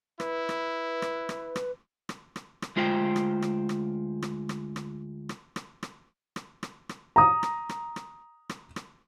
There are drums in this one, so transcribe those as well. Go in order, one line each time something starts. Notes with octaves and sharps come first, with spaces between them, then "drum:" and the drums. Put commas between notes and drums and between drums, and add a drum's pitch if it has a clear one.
E4 B4, drum: rim click
drum: rim click
drum: rim click
drum: rim click
drum: rim click
drum: rim click
drum: rim click
drum: rim click
D2 G#3 F4 C5 F5 G5
drum: rim click
drum: rim click
drum: rim click
drum: rim click
drum: rim click
drum: rim click
drum: rim click
drum: rim click
drum: rim click
drum: rim click
drum: rim click
drum: rim click
A#5 D#6
drum: rim click
drum: rim click
drum: rim click
drum: rim click
drum: rim click